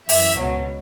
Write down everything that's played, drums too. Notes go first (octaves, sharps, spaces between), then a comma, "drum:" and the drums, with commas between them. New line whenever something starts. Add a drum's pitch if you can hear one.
F#2 E3 E5, drum: open hi-hat
C#2 B2 F#3